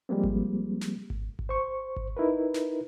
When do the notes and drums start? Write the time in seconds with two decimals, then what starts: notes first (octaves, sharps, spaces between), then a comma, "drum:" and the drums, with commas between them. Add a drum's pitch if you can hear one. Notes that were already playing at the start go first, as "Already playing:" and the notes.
0.09 F3 G3 G#3 A#3 C4
0.24 drum: kick G#1
0.81 drum: snare
1.10 drum: kick G#1
1.39 drum: kick G#1
1.49 C5 C#6
1.96 drum: kick G#1
2.17 D#4 E4 A#4 B4
2.54 drum: snare